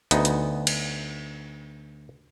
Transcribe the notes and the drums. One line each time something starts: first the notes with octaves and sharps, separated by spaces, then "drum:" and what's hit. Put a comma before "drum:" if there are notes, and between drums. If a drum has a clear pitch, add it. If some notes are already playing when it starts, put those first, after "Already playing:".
D2 B3 D#4, drum: hi-hat
drum: hi-hat
drum: cymbal